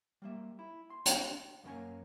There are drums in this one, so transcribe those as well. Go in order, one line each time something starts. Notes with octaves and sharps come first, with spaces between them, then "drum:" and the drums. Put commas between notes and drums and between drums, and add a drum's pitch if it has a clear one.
G3 A#3 E5
E4
C6
drum: hi-hat
F#2 D#3 F#3 A#3 C#4 G#5